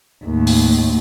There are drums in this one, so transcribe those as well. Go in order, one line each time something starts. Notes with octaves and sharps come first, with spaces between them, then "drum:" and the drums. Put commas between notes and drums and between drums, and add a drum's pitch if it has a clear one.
D#2 A2
drum: open hi-hat